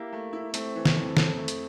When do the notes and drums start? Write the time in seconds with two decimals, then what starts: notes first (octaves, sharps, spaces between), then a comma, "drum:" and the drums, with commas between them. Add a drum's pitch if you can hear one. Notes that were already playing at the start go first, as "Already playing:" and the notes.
Already playing: A#3 E4 G4
0.13 A3
0.33 E4
0.54 A3 C4, drum: hi-hat
0.76 E3
0.85 drum: snare
0.96 F2
1.17 A4, drum: snare
1.38 A3
1.48 drum: hi-hat